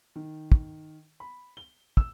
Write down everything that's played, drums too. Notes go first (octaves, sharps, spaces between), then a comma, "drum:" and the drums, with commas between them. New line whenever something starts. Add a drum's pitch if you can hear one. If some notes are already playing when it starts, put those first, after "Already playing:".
D#3
drum: kick
B5
G7
E6, drum: kick